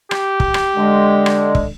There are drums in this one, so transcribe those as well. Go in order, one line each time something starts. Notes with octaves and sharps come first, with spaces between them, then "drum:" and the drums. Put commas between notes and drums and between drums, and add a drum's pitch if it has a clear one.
G4, drum: rim click
drum: kick
drum: rim click
D3 G#3
drum: rim click
drum: kick